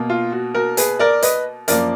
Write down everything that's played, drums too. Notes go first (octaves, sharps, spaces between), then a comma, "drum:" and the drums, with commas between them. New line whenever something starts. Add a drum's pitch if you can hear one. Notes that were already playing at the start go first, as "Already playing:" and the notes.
Already playing: B2 A#3
F4
F#4
F#4 A#4
G#4 B4, drum: hi-hat
A#4 D5
B4 D#5, drum: hi-hat
F#2 F3 A#3 A#4 D5, drum: hi-hat